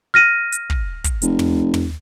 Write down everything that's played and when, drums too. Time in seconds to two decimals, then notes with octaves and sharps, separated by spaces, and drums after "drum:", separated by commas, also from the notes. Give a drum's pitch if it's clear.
0.14 F6 A#6 D#7
0.52 drum: hi-hat
0.70 drum: kick
1.04 drum: kick, hi-hat
1.22 F1, drum: hi-hat
1.39 drum: tom
1.74 drum: tom